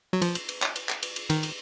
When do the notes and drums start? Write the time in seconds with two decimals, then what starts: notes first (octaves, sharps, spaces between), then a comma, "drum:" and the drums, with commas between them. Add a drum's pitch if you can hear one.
0.13 F#3
0.22 F3, drum: cymbal
0.35 drum: cymbal
0.49 drum: cymbal
0.62 drum: clap
0.76 drum: cymbal
0.89 drum: clap
1.03 drum: cymbal
1.16 drum: cymbal
1.30 D#3, drum: cymbal
1.43 drum: cymbal